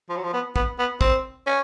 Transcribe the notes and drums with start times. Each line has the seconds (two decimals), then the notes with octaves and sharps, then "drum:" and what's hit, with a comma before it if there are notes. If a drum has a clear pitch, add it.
0.09 F3
0.17 F#3
0.23 F3
0.33 B3
0.56 B3, drum: kick
0.79 B3
1.01 C4, drum: kick
1.47 C#4